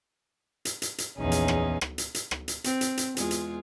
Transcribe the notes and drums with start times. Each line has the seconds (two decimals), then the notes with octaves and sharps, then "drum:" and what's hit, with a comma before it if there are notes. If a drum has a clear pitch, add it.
0.65 drum: hi-hat
0.82 drum: hi-hat
0.98 drum: hi-hat
1.17 A#1 E2 C#4 D#4 G#4
1.32 drum: hi-hat
1.48 drum: rim click
1.81 drum: rim click
1.98 drum: hi-hat
2.15 drum: hi-hat
2.31 drum: rim click
2.48 drum: hi-hat
2.64 C4, drum: hi-hat
2.81 drum: hi-hat
2.97 drum: hi-hat
3.17 E2 G#3 F4, drum: hi-hat
3.31 drum: hi-hat